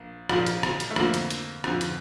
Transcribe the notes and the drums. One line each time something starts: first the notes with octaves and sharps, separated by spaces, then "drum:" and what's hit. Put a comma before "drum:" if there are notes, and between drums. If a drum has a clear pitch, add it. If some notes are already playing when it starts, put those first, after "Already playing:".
Already playing: A#1
A#1 A#2 F3, drum: rim click
drum: hi-hat
drum: rim click
drum: hi-hat
A3
F2 D3 F3 A#3, drum: rim click
drum: hi-hat
drum: hi-hat
F2 D3 F3, drum: rim click
drum: hi-hat